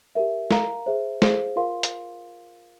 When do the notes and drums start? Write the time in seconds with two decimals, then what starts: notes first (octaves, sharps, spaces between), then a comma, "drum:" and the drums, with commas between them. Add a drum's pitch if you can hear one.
0.15 G4 A#4 E5
0.51 A#4 F5 A#5, drum: snare
0.86 G#4 C5 E5
1.22 G#4 C5 F5, drum: snare
1.56 F4 A#4 F5 C6
1.83 drum: hi-hat